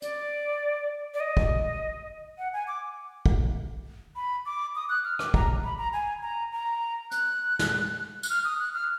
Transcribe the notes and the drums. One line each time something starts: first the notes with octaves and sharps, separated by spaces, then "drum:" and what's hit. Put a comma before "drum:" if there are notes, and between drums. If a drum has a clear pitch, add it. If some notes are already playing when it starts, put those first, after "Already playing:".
D5, drum: hi-hat
D5
D#5
drum: kick
F#5
G#5
D6
drum: kick
B5
D6
D#6
F#6
F6
D6, drum: rim click
A#5, drum: kick
B5
A#5
G#5
A#5
A#5
F#6, drum: hi-hat
drum: snare
F#6, drum: tambourine
F6
D#6
F#6
F6